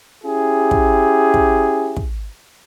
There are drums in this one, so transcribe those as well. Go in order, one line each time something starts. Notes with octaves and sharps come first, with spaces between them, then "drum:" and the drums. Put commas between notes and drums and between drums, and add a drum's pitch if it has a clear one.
C#4 E4 G4 G#4
drum: kick
drum: kick
drum: kick